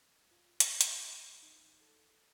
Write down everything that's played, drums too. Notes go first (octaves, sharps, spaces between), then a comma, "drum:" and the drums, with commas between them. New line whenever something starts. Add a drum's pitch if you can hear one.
G#6
F4
drum: hi-hat
F4, drum: hi-hat
D#4
A4